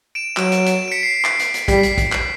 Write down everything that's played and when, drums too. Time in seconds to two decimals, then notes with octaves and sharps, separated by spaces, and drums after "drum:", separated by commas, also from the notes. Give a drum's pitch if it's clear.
0.15 D7 E7
0.37 F#3 D7 E7, drum: clap
0.52 D7 E7, drum: hi-hat
0.66 D7 E7, drum: hi-hat
0.88 D7
0.91 B6 C#7
1.03 C7
1.14 C7
1.25 drum: clap
1.39 drum: hi-hat
1.54 drum: hi-hat
1.68 G3 B6, drum: kick, hi-hat
1.83 drum: hi-hat
1.98 drum: kick, hi-hat
2.12 drum: clap